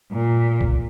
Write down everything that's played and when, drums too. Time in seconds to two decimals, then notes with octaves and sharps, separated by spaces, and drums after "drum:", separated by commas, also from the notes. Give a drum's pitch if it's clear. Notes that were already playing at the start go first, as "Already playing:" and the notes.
0.12 A#2
0.61 drum: kick B1